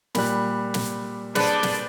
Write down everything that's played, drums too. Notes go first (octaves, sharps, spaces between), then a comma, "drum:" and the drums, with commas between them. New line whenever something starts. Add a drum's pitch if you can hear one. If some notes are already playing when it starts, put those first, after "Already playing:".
A#2 G3 B5 F#6, drum: snare
drum: snare
C4 D4 G#4 B4 D5 A5, drum: snare
drum: snare